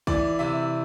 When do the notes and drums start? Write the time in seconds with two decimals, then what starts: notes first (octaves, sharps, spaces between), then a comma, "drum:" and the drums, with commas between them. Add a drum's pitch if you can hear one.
0.07 E3 D5, drum: kick
0.39 C3 E5